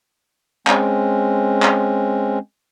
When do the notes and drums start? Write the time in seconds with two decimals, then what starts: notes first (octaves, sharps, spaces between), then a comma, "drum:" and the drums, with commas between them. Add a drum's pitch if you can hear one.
0.67 G#3 C4 C#4, drum: clap
1.62 drum: clap